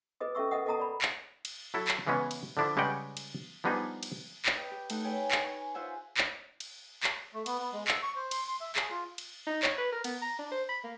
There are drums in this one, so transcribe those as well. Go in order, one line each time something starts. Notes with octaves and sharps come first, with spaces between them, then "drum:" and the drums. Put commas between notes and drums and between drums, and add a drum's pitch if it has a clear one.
G#4 B4 D#5 D#6
C#4 A4 E5 C#6 E6
A#4 B4 D#5 E5 F#5 D#6
A4 D#5 F#5 A5 A#5 D#6
D5 B5
drum: clap
drum: cymbal
F#3 E4 A4
drum: clap
C#3 E3 G#3 B3 C#4
drum: cymbal
D3 F3 D4 E4
C#3 G3 G#3 B4 F#5 G5
drum: cymbal
F3 G3 B3 D4 D#4 G#4
drum: cymbal
drum: clap
B4 D#5 G5
G4
A3 D#4 F#5, drum: cymbal
G#4 B4 C#5 G5 G#5
drum: clap
G#5 C#6
F4 C5 E5 F#5 G#5
drum: clap
drum: cymbal
drum: clap
A3
B3, drum: cymbal
B3
G#3
E6, drum: clap
C#6
C5
C6, drum: cymbal
C6
E5
G#4, drum: clap
F4
drum: cymbal
D#4
C#5, drum: clap
B4
A#4
B3, drum: cymbal
A#5
D4
C5
B5
A#3